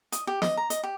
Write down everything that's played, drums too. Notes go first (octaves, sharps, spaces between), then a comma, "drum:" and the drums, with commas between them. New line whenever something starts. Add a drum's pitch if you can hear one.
D#5, drum: hi-hat
G4
D#5, drum: snare
A#5
D#5, drum: hi-hat
G4